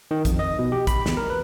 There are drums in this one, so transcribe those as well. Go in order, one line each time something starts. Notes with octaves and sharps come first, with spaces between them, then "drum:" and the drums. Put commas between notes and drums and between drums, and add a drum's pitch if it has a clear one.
D#3
F2, drum: kick A#1, hi-hat
D#5
B2
G4
B5, drum: kick A#1, hi-hat
E2, drum: snare
A#4
B4